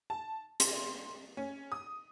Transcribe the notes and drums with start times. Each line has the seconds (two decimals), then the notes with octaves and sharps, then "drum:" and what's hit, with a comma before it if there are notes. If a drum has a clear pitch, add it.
0.10 A5
0.60 C6, drum: hi-hat
1.37 C#4
1.72 D#6